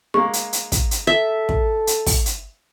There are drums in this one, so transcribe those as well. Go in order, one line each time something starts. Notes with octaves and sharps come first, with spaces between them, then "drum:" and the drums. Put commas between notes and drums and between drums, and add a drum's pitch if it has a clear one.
G#3 A#3 C#6
drum: hi-hat
drum: hi-hat
drum: kick, hi-hat
drum: hi-hat
A4 E5
drum: kick
drum: hi-hat
drum: kick, open hi-hat
drum: hi-hat